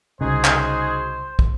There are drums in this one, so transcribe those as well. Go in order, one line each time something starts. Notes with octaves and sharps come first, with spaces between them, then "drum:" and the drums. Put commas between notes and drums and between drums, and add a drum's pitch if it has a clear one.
C2 C#3 D#4 F#4 G#4 C5
drum: clap
drum: kick